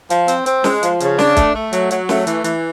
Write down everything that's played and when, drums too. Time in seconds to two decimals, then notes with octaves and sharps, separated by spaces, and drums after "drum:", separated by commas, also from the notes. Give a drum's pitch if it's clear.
0.10 F3, drum: hi-hat
0.28 C4, drum: hi-hat
0.46 C4, drum: hi-hat
0.64 G#3, drum: snare
0.83 F3, drum: hi-hat
1.00 C#3, drum: hi-hat
1.19 D4, drum: snare
1.36 A3, drum: kick, hi-hat
1.55 A3
1.73 F#3, drum: hi-hat
1.91 F#3, drum: hi-hat
2.09 A3, drum: snare
2.27 E3, drum: hi-hat
2.44 E3, drum: hi-hat